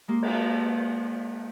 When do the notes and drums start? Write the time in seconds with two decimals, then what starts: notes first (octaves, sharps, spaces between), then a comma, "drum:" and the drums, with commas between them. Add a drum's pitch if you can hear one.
0.08 G#3 A#3 G4 C5
0.23 drum: cymbal